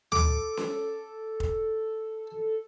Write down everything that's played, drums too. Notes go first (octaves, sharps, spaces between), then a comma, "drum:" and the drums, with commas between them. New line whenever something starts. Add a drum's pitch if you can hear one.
A4 D6, drum: tom D2
drum: snare C#4
drum: kick